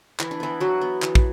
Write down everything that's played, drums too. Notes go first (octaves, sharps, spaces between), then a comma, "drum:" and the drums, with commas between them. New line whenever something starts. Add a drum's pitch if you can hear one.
E3 E4, drum: clap
D4
E3 B3 E4
E3 F#3 F#4
B3
E3, drum: clap
drum: kick